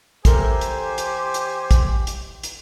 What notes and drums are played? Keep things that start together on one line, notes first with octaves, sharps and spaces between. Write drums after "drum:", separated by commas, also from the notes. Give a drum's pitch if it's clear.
E2 G4 A4 A#4 C5 G#5, drum: kick, hi-hat
drum: hi-hat
drum: hi-hat
drum: hi-hat
drum: kick, hi-hat
drum: hi-hat
drum: hi-hat